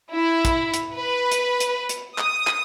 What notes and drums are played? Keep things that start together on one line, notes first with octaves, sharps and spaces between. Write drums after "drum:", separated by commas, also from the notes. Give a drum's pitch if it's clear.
E4
drum: kick, hi-hat
drum: hi-hat
B4
drum: hi-hat
drum: hi-hat
drum: hi-hat
D#6, drum: clap
drum: clap